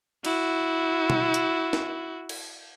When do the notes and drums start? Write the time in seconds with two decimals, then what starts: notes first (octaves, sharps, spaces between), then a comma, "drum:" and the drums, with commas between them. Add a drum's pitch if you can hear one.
0.25 E4 F#4, drum: cymbal
1.10 drum: tom B2
1.34 drum: hi-hat
1.73 drum: snare
2.29 drum: cymbal